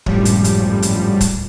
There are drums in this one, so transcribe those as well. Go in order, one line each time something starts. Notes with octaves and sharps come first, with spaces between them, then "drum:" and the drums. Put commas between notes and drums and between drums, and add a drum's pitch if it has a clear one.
G#1 F#2 A2 F3 G3, drum: kick
drum: hi-hat
drum: hi-hat
drum: hi-hat
drum: kick, hi-hat